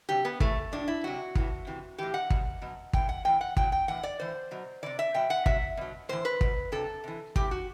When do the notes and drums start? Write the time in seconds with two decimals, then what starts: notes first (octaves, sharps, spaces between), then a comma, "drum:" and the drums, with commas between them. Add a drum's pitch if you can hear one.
0.09 C3 F#3 G4
0.25 B3
0.40 A2 E3 A3, drum: kick
0.72 A2 F#3 D4
0.88 E4
1.04 C3 F#3 F#4
1.35 A2 E3, drum: kick
1.67 C3 E3
1.98 A2 E3 G4
2.14 F#5
2.30 B2 F#3, drum: kick
2.62 B2 F#3
2.93 A2 E3 G5, drum: kick
3.09 F#5
3.25 A2 E3 G5
3.41 F#5
3.57 A2 F#3 G5, drum: kick
3.72 G5
3.88 A2 E3 F#5
4.03 D5
4.20 A2 E3 C5
4.51 B2 F#3
4.83 C3 E3 D5
4.99 E5
5.14 B2 F#3 G5
5.30 F#5
5.46 C3 F#3 E5, drum: kick
5.77 B2 F#3
6.09 A2 E3 C5
6.25 B4
6.41 B2 F#3, drum: kick
6.72 C3 F#3 A4
7.04 C3 E3
7.36 A2 E3 G4, drum: kick
7.51 F#4